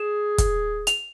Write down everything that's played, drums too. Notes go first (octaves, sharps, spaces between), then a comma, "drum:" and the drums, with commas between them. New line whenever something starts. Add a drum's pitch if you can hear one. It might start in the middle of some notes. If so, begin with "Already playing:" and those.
Already playing: G#4 E7
drum: kick, hi-hat
F7, drum: hi-hat